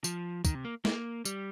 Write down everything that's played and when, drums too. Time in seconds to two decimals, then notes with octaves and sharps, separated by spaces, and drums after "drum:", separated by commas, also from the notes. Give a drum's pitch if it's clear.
0.04 F3, drum: tambourine
0.45 D#3, drum: kick, tambourine
0.55 C3
0.65 A#3
0.85 A#3, drum: snare
1.25 G3, drum: tambourine